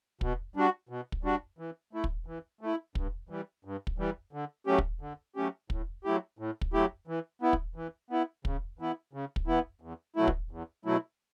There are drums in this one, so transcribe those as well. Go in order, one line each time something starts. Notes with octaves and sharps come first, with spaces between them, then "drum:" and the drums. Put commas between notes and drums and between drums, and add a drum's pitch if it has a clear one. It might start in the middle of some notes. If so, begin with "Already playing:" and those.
B2, drum: kick
G3 D4 F#4
B2
drum: kick
G3 D4 F#4
E3
A3 E4
drum: kick
E3
A3 E4
G2, drum: kick
E3 G3
G2
drum: kick
E3 G3
D3
F#3 A3 C#4 G4
drum: kick
D3
F#3 A3 C#4 G4
A2, drum: kick
F#3 A3 E4 G4
A2
drum: kick
F#3 A3 E4 G4
E3
B3 E4
drum: kick
E3
B3 E4
C#3, drum: kick
E3 B3 E4
C#3
drum: kick
E3 B3 E4
E2
B2 F#3 A3 E4
drum: kick
E2
B2 F#3 A3 E4